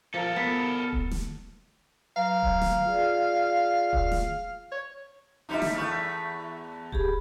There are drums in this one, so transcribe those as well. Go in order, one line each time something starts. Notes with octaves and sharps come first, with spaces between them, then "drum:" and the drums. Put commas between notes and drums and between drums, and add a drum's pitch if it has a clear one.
F3 A4 A#4
B3
drum: kick D#1
drum: snare
F#3 B4 F5 A#5
drum: kick D#1
drum: snare
F4 G#4 D5
drum: kick D#1
drum: snare
C#5
D3 G3 D#4 E4 B4
drum: snare
E2 A3 B4 C#6 F6
G4 G#4 B5, drum: kick D#1